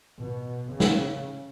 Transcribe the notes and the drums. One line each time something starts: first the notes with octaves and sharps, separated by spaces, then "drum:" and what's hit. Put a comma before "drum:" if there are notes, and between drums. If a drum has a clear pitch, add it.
B2
C#3
drum: snare